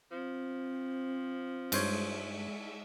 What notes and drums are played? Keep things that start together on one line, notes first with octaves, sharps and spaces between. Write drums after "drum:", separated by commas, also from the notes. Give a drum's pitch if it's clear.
F3 C4
G2 G#3 C5 C#5 E5, drum: cymbal